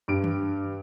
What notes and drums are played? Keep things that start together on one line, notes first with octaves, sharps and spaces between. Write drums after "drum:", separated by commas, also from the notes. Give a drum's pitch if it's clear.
G2 D7
drum: tom D#3